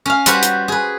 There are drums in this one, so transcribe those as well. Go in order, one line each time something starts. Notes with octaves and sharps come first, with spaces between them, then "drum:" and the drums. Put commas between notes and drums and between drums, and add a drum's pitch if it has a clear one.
C#4 F5
G3 F#4 B4 C5 F#5, drum: hi-hat
drum: hi-hat
G#4 B4